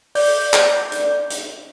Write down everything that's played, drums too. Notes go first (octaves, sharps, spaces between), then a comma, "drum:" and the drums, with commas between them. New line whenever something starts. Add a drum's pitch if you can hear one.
D5 G6, drum: open hi-hat
drum: clap
drum: hi-hat
drum: hi-hat